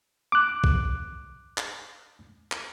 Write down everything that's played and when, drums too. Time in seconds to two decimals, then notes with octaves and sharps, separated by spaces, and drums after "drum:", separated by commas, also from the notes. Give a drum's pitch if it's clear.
0.32 D6 F#6
0.64 drum: kick B1
1.58 drum: clap
2.52 drum: clap